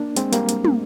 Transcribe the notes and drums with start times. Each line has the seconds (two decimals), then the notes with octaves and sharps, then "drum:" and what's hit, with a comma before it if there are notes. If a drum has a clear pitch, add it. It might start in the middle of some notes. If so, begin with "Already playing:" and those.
Already playing: A#3 D4
0.16 G#3 C4, drum: hi-hat
0.33 G3 A#3, drum: hi-hat
0.49 drum: hi-hat
0.65 drum: tom